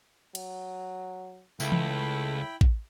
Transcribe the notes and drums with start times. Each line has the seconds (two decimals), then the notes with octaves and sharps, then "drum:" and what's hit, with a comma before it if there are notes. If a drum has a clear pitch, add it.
0.35 F#3, drum: cymbal
1.60 C#2 A3 E4 G5 B5, drum: tambourine
1.72 drum: tom E3
2.61 drum: kick